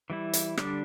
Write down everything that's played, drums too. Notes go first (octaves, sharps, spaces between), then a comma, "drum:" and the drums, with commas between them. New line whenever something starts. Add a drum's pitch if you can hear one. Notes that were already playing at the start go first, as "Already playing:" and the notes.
E3 G3 E4
drum: hi-hat
D3 G3 D4, drum: rim click